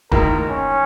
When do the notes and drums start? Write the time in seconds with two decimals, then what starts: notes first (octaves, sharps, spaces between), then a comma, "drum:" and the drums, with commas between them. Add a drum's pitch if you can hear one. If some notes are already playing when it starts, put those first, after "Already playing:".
0.12 G#2 D#3 A#3 E4 A#4, drum: kick D#1
0.50 C#4